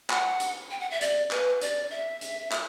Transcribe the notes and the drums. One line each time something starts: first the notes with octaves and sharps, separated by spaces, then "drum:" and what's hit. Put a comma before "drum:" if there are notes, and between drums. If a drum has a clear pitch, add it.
F#5, drum: clap
drum: hi-hat
G5
F#5
E5
D5, drum: hi-hat
B4, drum: clap
D5, drum: hi-hat
E5
drum: hi-hat
drum: clap